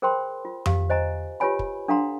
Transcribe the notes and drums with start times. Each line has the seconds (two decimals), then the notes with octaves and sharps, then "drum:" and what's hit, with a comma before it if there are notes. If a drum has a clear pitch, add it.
0.02 G#4 A#4 C5 G5 B5 C6
0.45 F4
0.66 G4 F5, drum: tom F2
0.90 C5 D#5 G#5 A#5
1.40 F4 G4 B4 C#5 G#5 B5
1.59 drum: kick
1.88 D4 A4 F5 F#5 A#5 C6